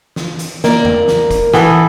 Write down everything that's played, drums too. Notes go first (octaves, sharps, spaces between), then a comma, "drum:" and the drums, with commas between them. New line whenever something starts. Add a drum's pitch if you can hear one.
drum: snare
drum: hi-hat
A#3 A#4 D5, drum: snare
drum: tom E2
drum: snare
drum: kick, hi-hat
E3 B3 A4, drum: snare